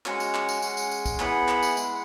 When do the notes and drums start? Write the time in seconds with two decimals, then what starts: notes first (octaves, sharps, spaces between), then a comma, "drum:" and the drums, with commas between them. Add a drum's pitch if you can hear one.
0.06 G#3 C#4 F#4 C#5 F#5, drum: clap
0.20 drum: tambourine
0.34 drum: clap
0.49 drum: tambourine
0.62 G#3 C#4 G#4, drum: tambourine
0.77 drum: tambourine
0.91 drum: tambourine
1.06 drum: kick, tambourine
1.20 B3 E4 G#4 F#5 B5, drum: clap
1.48 drum: clap
1.63 drum: tambourine
1.77 G#3 E4 G#4, drum: tambourine